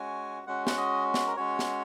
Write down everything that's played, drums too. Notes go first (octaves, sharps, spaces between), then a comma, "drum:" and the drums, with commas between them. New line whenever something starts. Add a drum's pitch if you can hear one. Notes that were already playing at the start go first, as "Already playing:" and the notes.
Already playing: G#3 C#4 F#4 G#5
G#3 C#4 F#4 F#5
F#5, drum: snare
D#5
drum: snare
A#4
G#3 C#4 F#4 C#5
drum: snare